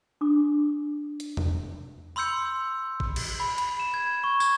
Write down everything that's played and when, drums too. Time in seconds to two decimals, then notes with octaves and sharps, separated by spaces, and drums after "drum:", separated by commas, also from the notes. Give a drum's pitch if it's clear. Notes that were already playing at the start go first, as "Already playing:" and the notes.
0.21 D4 D6
1.20 drum: hi-hat
1.37 drum: tom E2
2.16 B5 C6 E6 G6 C#7
3.00 drum: kick G#1
3.16 drum: cymbal
3.40 B5
3.58 B5, drum: cymbal
3.80 E7
3.94 G#6
4.24 C#6
4.40 G#6, drum: tambourine